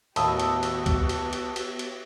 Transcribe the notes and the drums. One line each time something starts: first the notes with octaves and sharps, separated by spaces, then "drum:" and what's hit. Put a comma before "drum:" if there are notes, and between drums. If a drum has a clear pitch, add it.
D#2 A2 B3 F#4 G4 A5 D#6 E6, drum: cymbal
drum: cymbal
drum: cymbal
drum: kick C2, cymbal
drum: cymbal
drum: cymbal
drum: cymbal
drum: cymbal